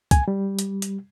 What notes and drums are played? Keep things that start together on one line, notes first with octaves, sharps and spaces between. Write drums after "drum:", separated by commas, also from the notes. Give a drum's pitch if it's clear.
G#5, drum: kick, hi-hat
G3
drum: hi-hat
drum: hi-hat